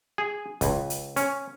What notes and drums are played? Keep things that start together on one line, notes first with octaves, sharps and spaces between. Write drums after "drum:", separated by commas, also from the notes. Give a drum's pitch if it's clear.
G#4
C#2, drum: kick, hi-hat
drum: hi-hat
C#4, drum: hi-hat